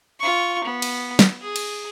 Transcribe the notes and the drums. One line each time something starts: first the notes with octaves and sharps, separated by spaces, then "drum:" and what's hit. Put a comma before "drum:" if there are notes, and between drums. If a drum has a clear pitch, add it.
F4 C#6
B3
drum: cymbal
drum: snare
G#4
drum: cymbal